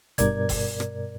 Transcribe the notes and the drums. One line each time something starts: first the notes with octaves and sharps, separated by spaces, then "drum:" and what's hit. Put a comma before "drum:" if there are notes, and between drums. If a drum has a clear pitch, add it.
G2 B2 A#4 D5 G#6, drum: kick, hi-hat
drum: kick, open hi-hat
drum: rim click